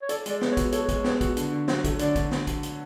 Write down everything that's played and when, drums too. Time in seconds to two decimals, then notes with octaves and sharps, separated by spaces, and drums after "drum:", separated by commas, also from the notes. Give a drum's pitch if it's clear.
0.02 C#5
0.09 A4 D5, drum: hi-hat
0.26 G#3 D5, drum: hi-hat
0.41 B3, drum: snare
0.51 C#5
0.57 F#4, drum: kick, hi-hat
0.72 A4 C#5, drum: hi-hat
0.89 G#3, drum: kick, hi-hat
1.04 B3, drum: snare
1.21 F#4, drum: kick, hi-hat
1.37 D3, drum: hi-hat
1.52 D3
1.68 F#3, drum: snare
1.84 A3, drum: kick, hi-hat
1.99 D3 D5, drum: hi-hat
2.16 D3, drum: kick, hi-hat
2.31 drum: snare
2.47 drum: kick, hi-hat
2.63 drum: hi-hat